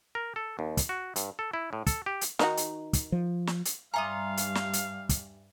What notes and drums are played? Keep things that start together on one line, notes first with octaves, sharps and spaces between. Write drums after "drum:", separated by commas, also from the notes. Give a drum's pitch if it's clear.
A#4
A4
D#2
drum: kick, hi-hat
F#4
G2, drum: hi-hat
A4
E4
A2
A4, drum: kick, hi-hat
G4
drum: hi-hat
D#3 D#4 F#4, drum: snare
drum: hi-hat
drum: kick, hi-hat
F3
drum: snare
drum: hi-hat
G2 G3 E5 F5 G#5 A#5 C6 D#6
drum: hi-hat
drum: snare
drum: hi-hat
drum: kick, hi-hat